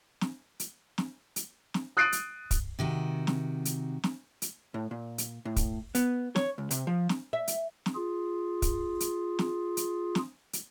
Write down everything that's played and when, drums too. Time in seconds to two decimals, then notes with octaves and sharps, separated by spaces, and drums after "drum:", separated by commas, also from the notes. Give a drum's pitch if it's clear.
0.21 drum: snare
0.60 drum: hi-hat
0.98 drum: snare
1.36 drum: hi-hat
1.74 drum: snare
1.97 D#6 F#6 A6 C7 D7 D#7
2.12 drum: hi-hat
2.51 drum: kick, hi-hat
2.79 C3 D#3 F#4
3.27 drum: snare
3.65 drum: hi-hat
4.04 drum: snare
4.42 drum: hi-hat
4.74 A2
4.91 A#2
5.18 drum: hi-hat
5.45 A2
5.56 drum: kick, hi-hat
5.95 B3, drum: hi-hat
6.36 C#5, drum: snare
6.58 C#2
6.71 C3, drum: hi-hat
6.87 F3
7.09 drum: snare
7.33 E5
7.48 drum: hi-hat
7.86 drum: snare
7.95 F4 G#4
8.62 drum: kick, hi-hat
9.00 drum: hi-hat
9.39 drum: snare
9.77 drum: hi-hat
10.15 drum: snare
10.53 drum: hi-hat